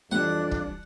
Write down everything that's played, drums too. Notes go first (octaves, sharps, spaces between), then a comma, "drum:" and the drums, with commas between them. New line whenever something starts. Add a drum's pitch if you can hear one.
F2 E3 G3 D4 F#5
drum: kick